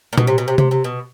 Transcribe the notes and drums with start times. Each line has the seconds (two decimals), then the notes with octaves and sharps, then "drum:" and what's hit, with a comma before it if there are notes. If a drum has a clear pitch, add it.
0.13 A#2
0.18 B2, drum: tom A#2
0.27 C3
0.38 B2
0.48 C3
0.58 C3, drum: tom C3
0.71 C3
0.84 B2